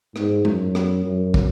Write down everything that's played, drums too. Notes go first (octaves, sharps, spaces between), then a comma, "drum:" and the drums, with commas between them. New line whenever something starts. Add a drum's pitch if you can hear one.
G#2, drum: rim click
F#2, drum: tom G#3
drum: rim click
F#2
drum: kick